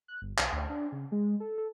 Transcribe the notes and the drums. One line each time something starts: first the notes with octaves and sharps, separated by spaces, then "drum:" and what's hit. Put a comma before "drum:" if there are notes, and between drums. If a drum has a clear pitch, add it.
F#6
G1
B1, drum: clap
D2
D4
C#3
G#3
A4
A4